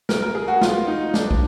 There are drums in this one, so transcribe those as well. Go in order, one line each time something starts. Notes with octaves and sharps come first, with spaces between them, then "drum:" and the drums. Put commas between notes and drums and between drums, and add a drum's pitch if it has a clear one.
A#4, drum: snare
A#4
G#4
F#4
F4, drum: snare
D#4
D4, drum: snare
drum: kick